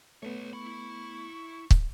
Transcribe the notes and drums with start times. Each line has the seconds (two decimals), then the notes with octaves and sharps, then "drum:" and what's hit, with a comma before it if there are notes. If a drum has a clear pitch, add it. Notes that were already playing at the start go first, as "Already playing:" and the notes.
0.23 A3 B3 B4 C#5
0.53 E4 B5 C#6
1.71 drum: kick